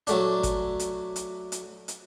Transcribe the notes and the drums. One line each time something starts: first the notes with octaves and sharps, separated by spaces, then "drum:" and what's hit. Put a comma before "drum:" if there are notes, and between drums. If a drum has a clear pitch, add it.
F#3 A3 D4, drum: hi-hat
drum: kick G#1, hi-hat
drum: hi-hat
drum: hi-hat
drum: hi-hat
drum: hi-hat